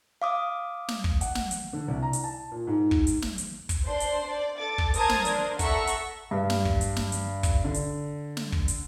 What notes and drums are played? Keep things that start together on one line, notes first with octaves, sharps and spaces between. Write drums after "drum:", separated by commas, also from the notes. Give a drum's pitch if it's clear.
F5 D6 D#6
drum: snare
drum: kick
F#5, drum: hi-hat
drum: snare
drum: hi-hat
D3
C2
A#5
drum: hi-hat
A5
A#2
G#2
drum: kick
drum: hi-hat
drum: snare
drum: hi-hat
drum: kick, hi-hat
D4 C5 D5 C6
drum: hi-hat
D5
A4 D6 A6
drum: kick
A#4 C5 A5 A#5 D#6 G#6, drum: hi-hat
drum: snare
D4 A#4 C5, drum: hi-hat
A4 E5 F#5 A#5 C#6 E6, drum: kick, hi-hat
drum: hi-hat
G2
drum: snare
drum: kick
drum: hi-hat
drum: snare
drum: hi-hat
drum: kick, hi-hat
D3
drum: hi-hat
drum: snare
drum: kick
drum: hi-hat